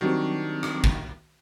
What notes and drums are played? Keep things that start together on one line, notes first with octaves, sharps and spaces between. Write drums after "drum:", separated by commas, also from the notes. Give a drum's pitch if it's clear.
D#3 F#3 G3 C4 D4 F#4
drum: rim click
drum: kick